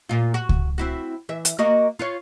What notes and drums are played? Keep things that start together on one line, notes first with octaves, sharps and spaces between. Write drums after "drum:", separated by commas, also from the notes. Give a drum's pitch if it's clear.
A#2 F4
F#4
drum: kick C#2
C4 E4 F#4
E3 E5
drum: hi-hat
A#3 F#4 D#5
F4 B4 C#5